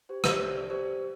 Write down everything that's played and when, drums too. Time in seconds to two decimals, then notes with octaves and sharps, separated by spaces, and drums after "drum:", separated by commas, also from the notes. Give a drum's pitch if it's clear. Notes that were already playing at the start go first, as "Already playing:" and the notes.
0.09 G4 C5
0.24 G4 C5, drum: rim click
0.39 A4 D5
0.55 A4 D5
0.70 G4 C5